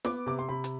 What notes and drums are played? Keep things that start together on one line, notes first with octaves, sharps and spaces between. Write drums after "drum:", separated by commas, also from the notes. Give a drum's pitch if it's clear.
B3 D6, drum: snare
C3 D6
C6
C3 B5
drum: hi-hat